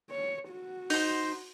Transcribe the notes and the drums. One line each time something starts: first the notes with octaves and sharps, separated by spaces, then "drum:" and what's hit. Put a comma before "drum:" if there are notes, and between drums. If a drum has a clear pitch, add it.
C#5
F#4
D#4 C5, drum: open hi-hat